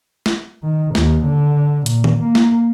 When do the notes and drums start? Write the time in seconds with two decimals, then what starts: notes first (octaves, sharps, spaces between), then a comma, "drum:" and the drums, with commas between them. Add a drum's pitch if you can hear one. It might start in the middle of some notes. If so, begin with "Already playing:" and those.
0.26 drum: snare
0.63 D#3
0.95 D#2, drum: snare
1.25 D3
1.86 A#2, drum: hi-hat
2.04 drum: tom D#3
2.23 A#3
2.35 drum: snare